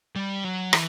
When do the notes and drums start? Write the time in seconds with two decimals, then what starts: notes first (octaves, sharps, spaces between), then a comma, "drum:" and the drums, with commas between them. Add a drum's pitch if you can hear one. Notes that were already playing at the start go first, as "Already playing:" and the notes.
0.16 G3
0.44 F#3
0.73 E3, drum: rim click